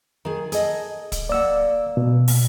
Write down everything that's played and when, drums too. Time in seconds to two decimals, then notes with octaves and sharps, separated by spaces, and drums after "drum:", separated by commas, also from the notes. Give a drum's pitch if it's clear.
0.25 D#3 G#4
0.52 G#4 A4 D#5, drum: hi-hat
1.12 drum: kick, hi-hat
1.29 A#3 D5 F#5 E6
1.97 B2
2.28 drum: open hi-hat